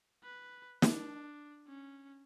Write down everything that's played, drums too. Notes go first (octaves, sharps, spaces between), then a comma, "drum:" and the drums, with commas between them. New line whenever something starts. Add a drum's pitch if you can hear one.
B4
D4, drum: snare
C#4